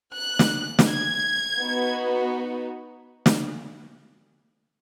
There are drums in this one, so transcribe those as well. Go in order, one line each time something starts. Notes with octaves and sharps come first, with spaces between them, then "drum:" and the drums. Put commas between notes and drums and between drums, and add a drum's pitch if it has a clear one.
F#6
drum: snare
drum: snare
G#6
B3 D#4 F#4
drum: snare